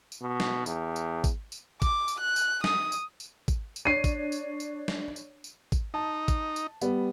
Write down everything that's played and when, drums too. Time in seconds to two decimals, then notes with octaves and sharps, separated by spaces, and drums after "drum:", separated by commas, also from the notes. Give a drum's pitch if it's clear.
0.12 drum: tambourine
0.21 B2
0.40 drum: snare
0.66 E2, drum: tambourine
0.96 drum: tambourine
1.24 drum: kick, tambourine
1.52 drum: tambourine
1.82 D6, drum: kick, tambourine
2.08 drum: tambourine
2.20 F#6
2.36 drum: tambourine
2.64 D#6, drum: snare
2.92 drum: tambourine
3.20 drum: tambourine
3.48 drum: kick, tambourine
3.76 drum: tambourine
3.85 D4 C#5 C7 D#7
4.04 drum: kick, tambourine
4.32 drum: tambourine
4.60 drum: tambourine
4.88 drum: snare
5.16 drum: tambourine
5.44 drum: tambourine
5.72 drum: kick, tambourine
5.94 D#4 A5
6.28 drum: kick, tambourine
6.56 drum: tambourine
6.81 G3 B3, drum: tambourine